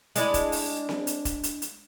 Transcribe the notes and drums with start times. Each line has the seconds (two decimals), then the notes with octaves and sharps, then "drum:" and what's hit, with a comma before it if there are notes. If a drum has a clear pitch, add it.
0.16 G#3 D4 E4, drum: hi-hat
0.34 drum: kick, hi-hat
0.52 drum: open hi-hat
0.89 drum: snare C4
1.07 drum: hi-hat
1.25 drum: kick, hi-hat
1.43 drum: hi-hat
1.62 drum: hi-hat